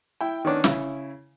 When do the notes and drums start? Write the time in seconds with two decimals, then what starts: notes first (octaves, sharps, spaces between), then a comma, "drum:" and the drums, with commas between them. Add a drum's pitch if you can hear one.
0.21 E4 G5
0.45 D#3 B3 C#4 D4
0.64 C#3 E4, drum: snare